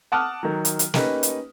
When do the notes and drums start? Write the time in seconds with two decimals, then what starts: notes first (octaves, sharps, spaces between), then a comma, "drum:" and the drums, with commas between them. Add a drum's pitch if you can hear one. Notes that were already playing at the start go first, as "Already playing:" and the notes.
0.12 F#5 A5 D6 D#6 F6 F#6
0.43 D#3 F#3
0.65 drum: hi-hat
0.79 drum: hi-hat
0.94 A#3 C#4 D#4 G4 B4, drum: snare
1.23 drum: hi-hat